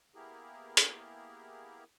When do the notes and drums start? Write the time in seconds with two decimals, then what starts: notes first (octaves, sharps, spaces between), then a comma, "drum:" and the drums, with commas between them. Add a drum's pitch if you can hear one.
0.15 A#3 B3 E4 G4 G#4 A#4
0.77 drum: hi-hat